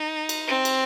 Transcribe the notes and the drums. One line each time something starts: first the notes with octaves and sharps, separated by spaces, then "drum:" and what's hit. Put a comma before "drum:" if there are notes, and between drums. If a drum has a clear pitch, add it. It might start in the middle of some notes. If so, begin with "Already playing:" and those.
Already playing: D#4
drum: cymbal
C4
drum: cymbal